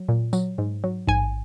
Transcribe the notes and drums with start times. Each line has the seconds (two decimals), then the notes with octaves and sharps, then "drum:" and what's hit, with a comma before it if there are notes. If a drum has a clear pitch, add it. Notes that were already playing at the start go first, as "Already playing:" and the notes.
Already playing: F#3
0.09 A#2
0.33 F#3, drum: tambourine
0.58 G#2
0.84 F#3
1.08 G#2 G#5, drum: kick A1